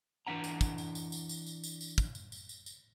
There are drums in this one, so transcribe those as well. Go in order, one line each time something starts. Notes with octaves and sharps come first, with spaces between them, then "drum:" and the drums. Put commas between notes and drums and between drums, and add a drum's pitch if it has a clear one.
E3 D4 F#5 A#5
drum: tambourine
drum: kick, tambourine
drum: tambourine
drum: tambourine
drum: tambourine
drum: tambourine
drum: tambourine
drum: tambourine
drum: tambourine
drum: kick, tambourine
drum: tambourine
drum: tambourine
drum: tambourine
drum: tambourine